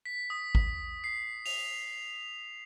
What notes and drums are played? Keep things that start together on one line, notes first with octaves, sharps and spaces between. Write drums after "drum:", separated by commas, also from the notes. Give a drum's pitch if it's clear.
B6
D#6
drum: kick
C7
F7, drum: open hi-hat